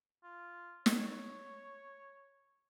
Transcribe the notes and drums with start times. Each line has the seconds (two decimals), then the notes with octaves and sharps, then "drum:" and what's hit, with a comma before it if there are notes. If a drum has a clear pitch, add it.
0.24 F4
0.86 C#5, drum: snare